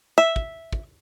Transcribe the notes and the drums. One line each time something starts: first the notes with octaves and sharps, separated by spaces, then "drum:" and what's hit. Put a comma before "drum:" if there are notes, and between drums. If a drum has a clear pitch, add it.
E5
drum: kick
drum: kick